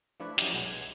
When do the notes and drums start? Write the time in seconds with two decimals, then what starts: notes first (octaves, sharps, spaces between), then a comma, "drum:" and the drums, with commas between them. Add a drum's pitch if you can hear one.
0.20 F3 A3 D4 E4 A4 B4
0.38 F#3 C#4 D#4 E4 G4, drum: snare
0.53 B1 G#3 B3
0.65 G#5